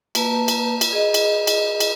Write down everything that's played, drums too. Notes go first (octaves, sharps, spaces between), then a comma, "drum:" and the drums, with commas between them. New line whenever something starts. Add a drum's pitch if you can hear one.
A#3 B4 A5 A#5, drum: cymbal
drum: cymbal
drum: cymbal
G#4 D#5
drum: cymbal
drum: cymbal
drum: cymbal